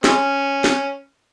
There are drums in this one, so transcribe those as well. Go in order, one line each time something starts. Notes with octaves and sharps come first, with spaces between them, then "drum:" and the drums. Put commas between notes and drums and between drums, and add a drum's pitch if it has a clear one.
F3 G#3 C#4, drum: snare
drum: snare